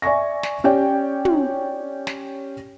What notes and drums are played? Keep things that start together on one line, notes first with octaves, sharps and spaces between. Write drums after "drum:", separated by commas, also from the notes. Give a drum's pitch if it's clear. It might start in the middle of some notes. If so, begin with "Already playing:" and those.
D5 E5 G#5 C#6 A#6
drum: snare
C#4 G4 C#5 D5 G5
drum: tom
drum: snare